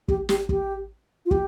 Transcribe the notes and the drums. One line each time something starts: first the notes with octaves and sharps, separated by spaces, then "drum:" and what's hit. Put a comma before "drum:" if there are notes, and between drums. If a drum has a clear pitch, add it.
G4, drum: kick
G4, drum: snare
G4, drum: kick
F4
G4, drum: kick